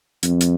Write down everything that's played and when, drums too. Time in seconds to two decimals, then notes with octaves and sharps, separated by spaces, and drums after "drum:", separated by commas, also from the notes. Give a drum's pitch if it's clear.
0.23 F2, drum: hi-hat
0.41 drum: hi-hat